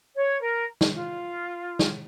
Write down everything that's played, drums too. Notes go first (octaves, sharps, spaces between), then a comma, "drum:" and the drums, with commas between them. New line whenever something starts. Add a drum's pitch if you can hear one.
C#5
A#4
drum: snare
F4
drum: snare